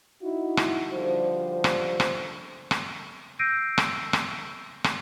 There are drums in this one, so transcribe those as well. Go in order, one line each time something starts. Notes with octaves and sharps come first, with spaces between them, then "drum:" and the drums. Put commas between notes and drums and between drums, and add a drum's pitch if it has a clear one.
D#4 E4 F#4
drum: rim click
D3 F3 G3 G4 C5
drum: rim click
drum: rim click
drum: rim click
E6 G6 A#6 C7 D7 D#7
drum: rim click
drum: rim click
drum: rim click